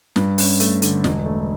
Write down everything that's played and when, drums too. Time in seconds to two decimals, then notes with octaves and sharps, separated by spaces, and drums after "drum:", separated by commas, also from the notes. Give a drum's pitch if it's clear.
0.16 G2, drum: snare
0.38 C#4, drum: open hi-hat
0.60 A3, drum: hi-hat
0.82 D3, drum: hi-hat
1.04 E1, drum: snare
1.26 A3